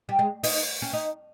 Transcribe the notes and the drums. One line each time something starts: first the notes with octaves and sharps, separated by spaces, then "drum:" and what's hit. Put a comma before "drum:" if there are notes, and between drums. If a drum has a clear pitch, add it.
G3
G#3
D#4, drum: open hi-hat
C#4
D#4